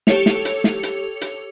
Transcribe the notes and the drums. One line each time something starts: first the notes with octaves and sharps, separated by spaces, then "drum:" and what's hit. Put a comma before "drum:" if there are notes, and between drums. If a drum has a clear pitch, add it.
G4 A4 C#5 C#7 F7, drum: snare
drum: snare
drum: hi-hat
drum: snare
drum: hi-hat
drum: hi-hat